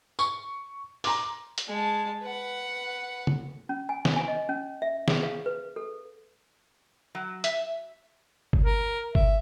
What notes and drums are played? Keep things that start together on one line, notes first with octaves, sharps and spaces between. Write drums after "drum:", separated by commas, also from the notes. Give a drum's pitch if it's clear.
C#6, drum: tambourine
A#5 C6 D6, drum: open hi-hat
drum: hi-hat
G#3 A5
B4 F#5
drum: tom
C#4
G#5
drum: snare
G#5
D#5
C#4
E5
G#4, drum: snare
F5
B4
A4
F#3
E5, drum: hi-hat
drum: kick G1
A#4
E5, drum: kick G1